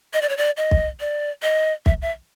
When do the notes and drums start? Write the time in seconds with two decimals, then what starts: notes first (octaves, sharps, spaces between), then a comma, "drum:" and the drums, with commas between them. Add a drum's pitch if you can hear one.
0.13 D#5
0.22 D5
0.29 C#5
0.37 D5
0.57 D#5
0.71 drum: kick
1.00 D5
1.43 D#5
1.86 E5, drum: kick
2.02 E5